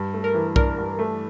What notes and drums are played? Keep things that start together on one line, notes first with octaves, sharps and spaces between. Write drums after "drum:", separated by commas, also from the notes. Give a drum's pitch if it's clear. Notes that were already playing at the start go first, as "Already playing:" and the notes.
Already playing: G2
A3
A#4
E3
D4 A#4, drum: kick B1
G2
A3